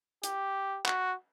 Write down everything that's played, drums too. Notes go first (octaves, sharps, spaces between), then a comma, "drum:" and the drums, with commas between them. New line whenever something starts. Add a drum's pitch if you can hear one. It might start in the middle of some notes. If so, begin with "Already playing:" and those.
G4, drum: hi-hat
F#4, drum: clap